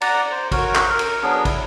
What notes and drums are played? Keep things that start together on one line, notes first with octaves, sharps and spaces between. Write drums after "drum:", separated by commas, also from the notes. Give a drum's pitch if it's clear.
D5 F#5 A#5, drum: cymbal
C5
F#4 A#4 C#5, drum: kick, cymbal
drum: clap
A#4
drum: cymbal
F#3 B3 D4 G#4
E4, drum: kick, cymbal